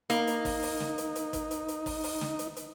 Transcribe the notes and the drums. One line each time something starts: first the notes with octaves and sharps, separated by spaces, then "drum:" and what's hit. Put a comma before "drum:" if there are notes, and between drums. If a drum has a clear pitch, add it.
A#3 D#4, drum: hi-hat
drum: hi-hat
drum: kick, open hi-hat
drum: open hi-hat
drum: snare
drum: hi-hat
drum: hi-hat
drum: kick, hi-hat
drum: hi-hat
drum: hi-hat
drum: kick, open hi-hat
drum: open hi-hat
drum: snare
drum: hi-hat
drum: hi-hat